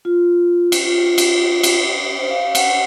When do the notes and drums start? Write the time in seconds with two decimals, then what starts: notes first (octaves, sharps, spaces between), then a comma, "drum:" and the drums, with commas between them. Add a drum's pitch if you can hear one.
0.05 F4
0.72 drum: cymbal
0.85 F4
1.18 drum: cymbal
1.63 drum: cymbal
2.18 C5
2.30 F5
2.55 F#5, drum: cymbal